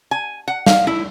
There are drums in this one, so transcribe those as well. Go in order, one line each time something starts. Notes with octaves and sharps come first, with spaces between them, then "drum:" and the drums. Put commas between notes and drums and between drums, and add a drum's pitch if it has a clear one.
G#5
F#5
F5, drum: snare
E4